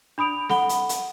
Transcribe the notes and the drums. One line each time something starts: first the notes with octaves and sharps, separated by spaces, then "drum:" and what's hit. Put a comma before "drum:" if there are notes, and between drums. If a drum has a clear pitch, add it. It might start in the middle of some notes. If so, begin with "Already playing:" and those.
D4 B5 D#6 D7 F7
A4 F#5 B5 G7, drum: snare C4
drum: hi-hat
drum: hi-hat